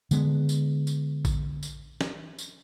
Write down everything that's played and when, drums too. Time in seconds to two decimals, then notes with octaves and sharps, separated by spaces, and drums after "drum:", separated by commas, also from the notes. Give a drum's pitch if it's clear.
0.11 D3 G#3 B3, drum: tambourine
0.49 drum: tambourine
0.87 drum: tambourine
1.25 drum: kick A1, tambourine
1.63 drum: tambourine
2.01 drum: snare
2.39 drum: tambourine